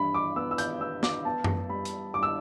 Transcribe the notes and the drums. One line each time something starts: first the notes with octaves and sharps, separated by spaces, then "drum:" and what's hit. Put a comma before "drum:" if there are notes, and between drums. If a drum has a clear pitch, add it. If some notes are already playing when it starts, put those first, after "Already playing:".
Already playing: G2 E3 B5
D6
B3 E6
E6
G6, drum: hi-hat
B3 E6
D6, drum: snare
B3 A5
drum: tom F#2
G3 B5
drum: hi-hat
G2 D6
E6